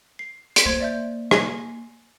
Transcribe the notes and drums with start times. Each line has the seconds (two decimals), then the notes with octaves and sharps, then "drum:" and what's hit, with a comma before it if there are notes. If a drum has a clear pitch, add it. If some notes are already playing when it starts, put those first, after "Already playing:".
0.19 C7
0.56 drum: hi-hat
0.65 A#3 C5 C6 G#6
0.80 D5 E5 G6
1.31 G#5 A#6, drum: rim click